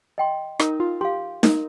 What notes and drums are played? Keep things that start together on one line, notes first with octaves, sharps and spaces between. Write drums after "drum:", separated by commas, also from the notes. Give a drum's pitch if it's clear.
D#5 G5 C6
D#4 A#4, drum: rim click
F4
G4 F5 C6
D#4 A#4, drum: snare D#4